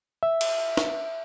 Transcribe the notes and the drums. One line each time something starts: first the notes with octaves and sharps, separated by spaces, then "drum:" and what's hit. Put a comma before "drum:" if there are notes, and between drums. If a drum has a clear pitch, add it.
E5
drum: cymbal
drum: snare